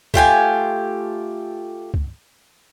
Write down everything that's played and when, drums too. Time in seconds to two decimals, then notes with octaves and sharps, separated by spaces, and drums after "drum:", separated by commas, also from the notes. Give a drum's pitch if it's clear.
0.14 A3 F4 G4 G#5, drum: kick
1.94 drum: kick